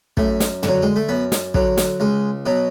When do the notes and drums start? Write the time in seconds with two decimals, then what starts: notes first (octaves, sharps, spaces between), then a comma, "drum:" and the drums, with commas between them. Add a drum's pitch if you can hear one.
0.17 F#2 A3, drum: kick
0.40 drum: snare
0.63 D3 F#3, drum: tom
0.82 G#3
0.96 A3
1.09 F#2 B3
1.32 drum: snare
1.54 D3 F#3, drum: kick
1.77 drum: snare
2.00 C#2 G#3
2.46 B2 F#3